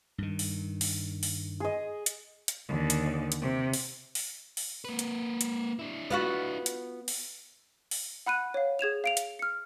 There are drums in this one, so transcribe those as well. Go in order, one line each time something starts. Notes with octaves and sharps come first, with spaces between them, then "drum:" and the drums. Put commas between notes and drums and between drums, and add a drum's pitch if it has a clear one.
G2 D#3
drum: open hi-hat
drum: open hi-hat
drum: open hi-hat
G#4 D#5
drum: hi-hat
drum: hi-hat
D#2 D3
drum: hi-hat
drum: hi-hat
C3
drum: open hi-hat
drum: open hi-hat
drum: open hi-hat
A#3 B4
drum: hi-hat
drum: hi-hat
D4 E4
B3 F4 F#4
drum: hi-hat
drum: open hi-hat
drum: open hi-hat
F#5 B5 F#6 D#7
C#5 F5
G#4 G#6 E7 F7
F5 D7 F7
drum: hi-hat
F6 C#7